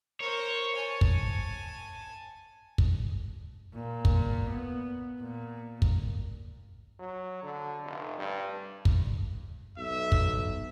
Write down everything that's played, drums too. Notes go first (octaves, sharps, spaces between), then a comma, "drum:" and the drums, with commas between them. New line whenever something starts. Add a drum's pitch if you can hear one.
A#4 C5 C#5
G#5 A5
drum: kick
drum: kick
A#2
drum: kick
B3
A#2
drum: kick
F#3
D3
F1
G2
drum: kick
B1 E5
drum: kick